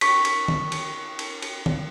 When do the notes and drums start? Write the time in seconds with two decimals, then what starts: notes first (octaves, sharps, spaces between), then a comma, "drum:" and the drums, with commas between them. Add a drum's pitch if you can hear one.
0.01 C#6 B6, drum: cymbal
0.25 drum: cymbal
0.48 drum: tom D#3
0.72 drum: cymbal
1.19 drum: cymbal
1.42 drum: cymbal
1.66 drum: tom D#3